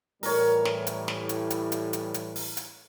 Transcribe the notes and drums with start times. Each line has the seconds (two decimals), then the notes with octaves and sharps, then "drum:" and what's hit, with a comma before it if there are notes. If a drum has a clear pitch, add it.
0.23 A2 E3 G3 A#4 C#5, drum: open hi-hat
0.65 drum: snare
0.87 drum: hi-hat
1.08 drum: snare
1.29 drum: hi-hat
1.50 drum: hi-hat
1.72 drum: hi-hat
1.93 drum: hi-hat
2.14 drum: hi-hat
2.36 drum: open hi-hat
2.57 drum: hi-hat